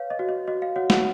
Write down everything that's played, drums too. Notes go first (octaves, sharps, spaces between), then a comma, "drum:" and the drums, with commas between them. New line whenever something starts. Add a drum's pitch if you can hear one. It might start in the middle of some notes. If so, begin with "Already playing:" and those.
Already playing: B4 C#5 F5
D#5
F#4
D#5
F#4 D#5
F5
F#4 C#5 F#5
F#4 F#5, drum: snare